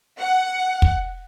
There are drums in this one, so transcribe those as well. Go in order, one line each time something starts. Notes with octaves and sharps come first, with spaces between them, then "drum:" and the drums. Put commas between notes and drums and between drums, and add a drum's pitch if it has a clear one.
F#5
drum: kick